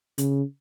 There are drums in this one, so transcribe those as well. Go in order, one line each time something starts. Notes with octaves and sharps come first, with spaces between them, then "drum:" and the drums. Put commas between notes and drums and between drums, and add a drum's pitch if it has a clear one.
C#3, drum: hi-hat